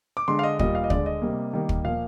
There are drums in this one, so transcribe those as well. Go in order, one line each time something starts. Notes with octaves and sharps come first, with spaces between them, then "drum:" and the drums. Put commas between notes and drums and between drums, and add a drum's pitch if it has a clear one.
D6
D3 G#3 C6
F5
D#5
A#2 G3 A#3 D#5, drum: kick
F5
D#5
D3 G#3 D5, drum: kick
D#5
C3 G3 A#3
D#3 G3 A#3
drum: kick
A#2 F3 A#3 F5